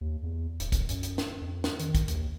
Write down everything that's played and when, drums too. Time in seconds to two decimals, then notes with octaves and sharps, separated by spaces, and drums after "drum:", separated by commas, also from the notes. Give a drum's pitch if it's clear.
0.01 D#2
0.23 E2
0.60 D1, drum: hi-hat
0.72 drum: kick, hi-hat
0.89 F#2, drum: hi-hat
1.03 drum: hi-hat
1.18 drum: snare
1.41 F2
1.64 drum: snare
1.79 D#3, drum: hi-hat
1.95 drum: kick, hi-hat
2.08 D#2, drum: hi-hat